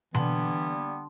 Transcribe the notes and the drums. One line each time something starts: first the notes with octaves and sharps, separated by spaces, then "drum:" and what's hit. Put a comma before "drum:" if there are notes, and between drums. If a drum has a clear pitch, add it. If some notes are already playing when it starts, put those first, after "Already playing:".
D3 E3 G3 A#3 B3 A5 C6, drum: tom B2